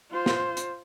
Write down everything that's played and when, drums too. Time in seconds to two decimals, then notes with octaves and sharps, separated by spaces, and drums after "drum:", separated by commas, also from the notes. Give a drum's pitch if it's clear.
0.11 F4 C5
0.26 drum: snare
0.57 drum: hi-hat